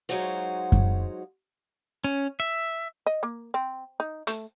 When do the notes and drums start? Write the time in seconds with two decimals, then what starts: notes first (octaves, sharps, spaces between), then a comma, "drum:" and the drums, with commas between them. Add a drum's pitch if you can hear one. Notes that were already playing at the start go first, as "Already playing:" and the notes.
0.09 F#3 G#3 D#4 F4 F#4 C5
0.72 drum: kick F#2
2.04 C#4
2.40 E5
3.06 D#5
3.23 A#3
3.54 C4
4.00 D#4
4.27 A3, drum: hi-hat